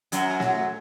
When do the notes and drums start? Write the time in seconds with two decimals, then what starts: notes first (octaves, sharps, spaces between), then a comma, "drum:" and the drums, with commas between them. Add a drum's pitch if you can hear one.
0.12 F#2 F#3, drum: hi-hat
0.40 drum: snare